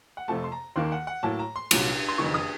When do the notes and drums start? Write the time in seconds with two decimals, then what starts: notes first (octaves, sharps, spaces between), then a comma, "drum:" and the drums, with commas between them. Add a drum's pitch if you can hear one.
0.17 F#5
0.28 F2 C3 F3 A3 A5
0.44 C6
0.52 A#5
0.76 D#2 D#3 A#3 C6
0.92 F#5
1.07 F#5
1.23 A2 F#3 A#3 A5
1.39 A#5
1.56 C6
1.71 C2 A#2 F#3, drum: cymbal
2.09 C6
2.18 F#1 F2 D#3 C#6
2.34 D#6